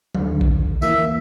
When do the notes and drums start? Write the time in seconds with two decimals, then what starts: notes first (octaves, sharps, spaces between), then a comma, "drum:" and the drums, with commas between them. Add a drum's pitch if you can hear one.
0.15 D#2 D3, drum: tom F#3
0.41 drum: kick A#1
0.82 E3 A#3 E5, drum: tambourine